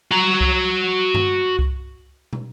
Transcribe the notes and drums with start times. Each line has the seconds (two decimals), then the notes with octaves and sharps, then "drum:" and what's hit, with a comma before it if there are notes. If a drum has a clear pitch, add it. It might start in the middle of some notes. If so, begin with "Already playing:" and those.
0.11 F#4 A#5
0.41 drum: kick C2
1.14 drum: tom G2
1.59 drum: kick C2
2.33 drum: tom